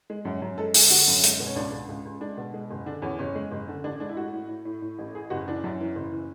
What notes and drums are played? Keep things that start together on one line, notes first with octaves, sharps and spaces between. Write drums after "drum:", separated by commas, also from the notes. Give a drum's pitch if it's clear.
G#3
F#2
F#2
G#3 A4
D3 G#4, drum: open hi-hat
D3 F#4
F#2
G#3, drum: hi-hat
B2
C#4
C#2 D4
C#2
C#2
C#2
G#3 D4
B2
G#3
F#1
D3 D4
E2 C#4
F#1 C#4
G#3
F#1
D3
A1 D4
G#3 D4
E4
A2 F#4
A2
A2
A2
A2
A1
E3 G#4
F#1 F#4
E3 D4
F#2
E3
F#1
E3